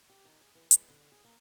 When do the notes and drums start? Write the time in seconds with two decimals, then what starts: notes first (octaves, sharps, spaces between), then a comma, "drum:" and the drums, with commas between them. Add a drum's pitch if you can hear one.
0.10 G4
0.25 D#3
0.41 G#4
0.55 E3
0.71 G#3, drum: hi-hat
0.90 D3
1.12 G#4
1.25 A#3